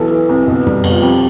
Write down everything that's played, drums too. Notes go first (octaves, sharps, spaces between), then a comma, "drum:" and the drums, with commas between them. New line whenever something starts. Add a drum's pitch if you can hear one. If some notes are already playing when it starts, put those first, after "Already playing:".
Already playing: B1 E3 A4
E3
C2
B2
G3, drum: tom
B2, drum: cymbal
F4
F2 G4